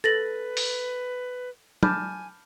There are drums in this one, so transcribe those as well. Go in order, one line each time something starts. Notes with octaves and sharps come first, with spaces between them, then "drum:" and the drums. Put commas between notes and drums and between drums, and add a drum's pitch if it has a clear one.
A4 B4 A6 A#6 F#7
drum: open hi-hat
G#5 A5 B5 D6 F6 G6, drum: tom